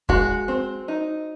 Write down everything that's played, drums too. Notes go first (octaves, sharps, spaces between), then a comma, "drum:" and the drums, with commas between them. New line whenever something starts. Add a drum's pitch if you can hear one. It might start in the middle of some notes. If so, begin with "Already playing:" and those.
G#3 F#4, drum: kick
C4
D#4